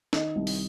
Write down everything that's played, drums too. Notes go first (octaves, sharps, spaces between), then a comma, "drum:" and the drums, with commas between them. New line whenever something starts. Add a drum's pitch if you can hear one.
D#3 D#5, drum: snare
C2
drum: open hi-hat